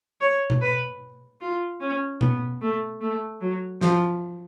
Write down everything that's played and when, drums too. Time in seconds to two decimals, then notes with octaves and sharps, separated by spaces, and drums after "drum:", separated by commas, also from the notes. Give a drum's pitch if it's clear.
0.21 C#5
0.50 drum: tom B2
0.61 B4
1.41 F4
1.81 C#4
2.21 B3, drum: tom B2
2.61 A3
3.01 A3
3.41 F#3
3.81 F3, drum: snare